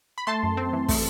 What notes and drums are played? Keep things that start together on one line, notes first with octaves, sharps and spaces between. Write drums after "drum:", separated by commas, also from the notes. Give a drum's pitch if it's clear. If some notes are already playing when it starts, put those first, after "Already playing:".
B5
A3 A5 C6
F#2
C4
E3
A3, drum: kick, open hi-hat